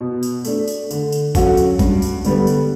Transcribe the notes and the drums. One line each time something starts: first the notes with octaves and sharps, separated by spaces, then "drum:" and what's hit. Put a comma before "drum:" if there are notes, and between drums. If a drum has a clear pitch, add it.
B2
drum: tambourine
A3 D4, drum: tambourine
drum: tambourine
D3, drum: tambourine
drum: tambourine
F#3 C#4 F#4 A4, drum: kick G#1, tambourine
drum: tambourine
G2, drum: kick G#1, tambourine
drum: tambourine
D3 G3 B3, drum: tambourine
drum: tambourine